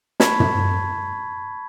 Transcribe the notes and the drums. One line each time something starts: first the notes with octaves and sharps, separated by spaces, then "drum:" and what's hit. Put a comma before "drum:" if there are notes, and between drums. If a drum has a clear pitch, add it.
A5 B5 C#6 G#6 B6, drum: snare
drum: tom